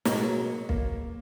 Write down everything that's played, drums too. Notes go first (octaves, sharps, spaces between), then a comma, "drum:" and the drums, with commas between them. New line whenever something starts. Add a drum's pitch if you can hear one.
B2 F#3 G#3 A#3, drum: snare
A#3, drum: kick